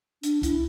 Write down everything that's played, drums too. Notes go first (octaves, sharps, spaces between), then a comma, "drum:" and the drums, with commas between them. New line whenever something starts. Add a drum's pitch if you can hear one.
D4, drum: hi-hat
E4, drum: kick C#2, hi-hat